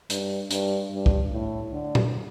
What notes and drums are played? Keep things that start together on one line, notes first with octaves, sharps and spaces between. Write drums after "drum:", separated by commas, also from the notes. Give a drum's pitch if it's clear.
G2, drum: hi-hat
G2, drum: hi-hat
G2
drum: kick
A2
D3
drum: tom A#2